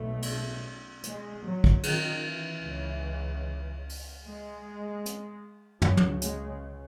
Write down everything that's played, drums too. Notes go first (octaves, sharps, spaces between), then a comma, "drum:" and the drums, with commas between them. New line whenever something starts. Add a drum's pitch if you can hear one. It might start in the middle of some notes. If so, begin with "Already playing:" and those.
Already playing: B1 B2 A3
drum: cymbal
G#3, drum: hi-hat
F#3
drum: kick
D#3, drum: cymbal
E3
C#2 C#3
drum: open hi-hat
G#3
drum: hi-hat
C#2 C#3 F#3, drum: tom
drum: tom
G#3, drum: hi-hat